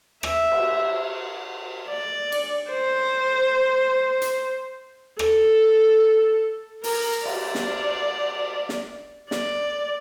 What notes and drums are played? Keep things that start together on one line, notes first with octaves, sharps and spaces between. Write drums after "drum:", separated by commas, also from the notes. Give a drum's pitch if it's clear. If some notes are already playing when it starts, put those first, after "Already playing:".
E5, drum: rim click
drum: cymbal
D5
drum: cymbal
C5
drum: hi-hat
A4, drum: rim click
A#4, drum: open hi-hat
D5, drum: cymbal
drum: snare
drum: snare
D5, drum: snare